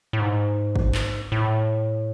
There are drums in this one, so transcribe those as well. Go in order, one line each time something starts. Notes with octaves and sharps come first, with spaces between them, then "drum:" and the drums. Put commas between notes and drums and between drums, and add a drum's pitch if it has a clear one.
A2
G#2
drum: kick
drum: clap
A2